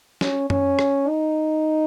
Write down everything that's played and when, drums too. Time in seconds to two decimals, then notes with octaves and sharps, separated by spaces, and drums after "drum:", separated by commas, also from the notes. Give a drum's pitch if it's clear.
0.21 C#4, drum: snare
0.50 C#4, drum: tom F#2
0.79 drum: rim click
1.08 D#4